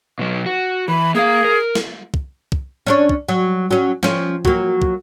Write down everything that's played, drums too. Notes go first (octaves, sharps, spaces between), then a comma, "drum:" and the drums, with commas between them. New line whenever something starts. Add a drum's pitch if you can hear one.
B2 F#3
F#4
E3 B5
A#3 G#4 F5
A#4
drum: snare
drum: kick
drum: kick
C#4 D4 C#5
drum: kick
F#3
F#3 C#4
F3 C#4, drum: snare
F#3 A#3, drum: kick
drum: kick